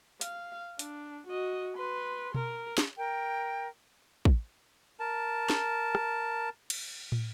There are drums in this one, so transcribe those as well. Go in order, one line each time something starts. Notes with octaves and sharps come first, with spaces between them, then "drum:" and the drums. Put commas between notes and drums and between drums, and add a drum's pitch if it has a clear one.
F5, drum: hi-hat
D4, drum: hi-hat
F#4 D#5
B4 C6
A#4, drum: tom B2
drum: snare
A#4 G5
drum: kick
A#4 A5
drum: snare
drum: rim click
drum: cymbal
drum: tom